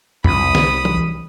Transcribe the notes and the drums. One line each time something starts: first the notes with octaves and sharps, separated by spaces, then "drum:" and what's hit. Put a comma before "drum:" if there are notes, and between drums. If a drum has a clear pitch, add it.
C2 B5 D#6, drum: tom F2
drum: snare
drum: tom E3